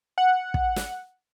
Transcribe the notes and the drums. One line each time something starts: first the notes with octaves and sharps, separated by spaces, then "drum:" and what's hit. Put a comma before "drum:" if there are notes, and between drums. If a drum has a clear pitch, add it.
F#5
drum: kick
drum: snare